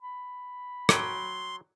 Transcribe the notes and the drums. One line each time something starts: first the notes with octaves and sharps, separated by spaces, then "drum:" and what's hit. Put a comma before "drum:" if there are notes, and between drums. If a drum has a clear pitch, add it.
B5
F#3 G5 C6, drum: rim click